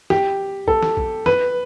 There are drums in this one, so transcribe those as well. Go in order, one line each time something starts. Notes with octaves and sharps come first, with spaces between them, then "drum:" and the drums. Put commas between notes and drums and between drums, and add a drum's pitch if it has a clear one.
G4, drum: snare
A4, drum: kick
drum: snare
drum: kick
B4, drum: snare